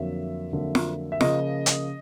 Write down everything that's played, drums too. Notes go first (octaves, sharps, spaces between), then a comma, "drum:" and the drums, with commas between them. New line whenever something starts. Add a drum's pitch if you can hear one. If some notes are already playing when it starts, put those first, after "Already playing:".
Already playing: F2 D3 F#3 A#3 E5
F2 D3 F#3 A#3
drum: snare
E5
C#3 F3 A#3 D#5, drum: snare
drum: hi-hat